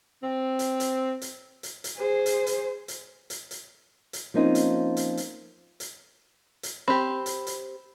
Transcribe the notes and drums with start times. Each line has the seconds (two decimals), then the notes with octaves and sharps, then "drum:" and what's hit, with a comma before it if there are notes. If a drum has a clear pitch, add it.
0.23 C4
0.59 drum: hi-hat
0.80 drum: hi-hat
1.22 drum: hi-hat
1.63 drum: hi-hat
1.84 drum: hi-hat
1.96 G#4 C5
2.26 drum: hi-hat
2.47 drum: hi-hat
2.88 drum: hi-hat
3.30 drum: hi-hat
3.51 drum: hi-hat
4.13 drum: hi-hat
4.34 F3 A#3 C4 C#4 D#4 F4
4.55 drum: hi-hat
4.97 drum: hi-hat
5.17 drum: hi-hat
5.80 drum: hi-hat
6.63 drum: hi-hat
6.88 C4 G4 B5
7.26 drum: hi-hat
7.47 drum: hi-hat